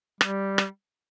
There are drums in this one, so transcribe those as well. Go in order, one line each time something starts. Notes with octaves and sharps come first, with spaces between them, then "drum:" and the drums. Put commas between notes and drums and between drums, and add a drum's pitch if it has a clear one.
G3, drum: rim click
drum: rim click